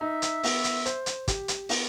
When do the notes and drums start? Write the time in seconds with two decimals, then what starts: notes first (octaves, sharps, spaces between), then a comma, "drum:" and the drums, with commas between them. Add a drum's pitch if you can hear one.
0.01 D#4 E5
0.22 drum: hi-hat
0.43 B3, drum: open hi-hat
0.64 drum: hi-hat
0.86 C5, drum: hi-hat
1.06 drum: hi-hat
1.28 G4, drum: kick, hi-hat
1.48 drum: hi-hat
1.69 B3, drum: open hi-hat